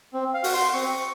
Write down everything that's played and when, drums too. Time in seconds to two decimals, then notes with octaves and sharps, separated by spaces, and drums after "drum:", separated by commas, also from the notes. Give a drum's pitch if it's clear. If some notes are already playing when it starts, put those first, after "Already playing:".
0.14 C4
0.34 F5
0.44 F#4, drum: open hi-hat
0.53 C6
0.73 C4 C#6